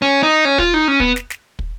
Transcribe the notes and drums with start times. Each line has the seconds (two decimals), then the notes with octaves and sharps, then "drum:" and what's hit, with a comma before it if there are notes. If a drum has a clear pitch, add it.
0.02 C#4
0.23 D#4
0.45 C#4
0.58 F4, drum: kick
0.74 D#4
0.88 C#4
1.00 B3, drum: kick
1.16 drum: snare
1.30 drum: snare
1.59 drum: kick